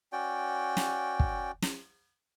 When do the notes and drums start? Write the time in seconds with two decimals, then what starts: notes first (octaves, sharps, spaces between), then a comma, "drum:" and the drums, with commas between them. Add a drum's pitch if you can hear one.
0.12 C#4 F#4 D5 G5
0.77 drum: snare
1.20 drum: kick
1.62 drum: snare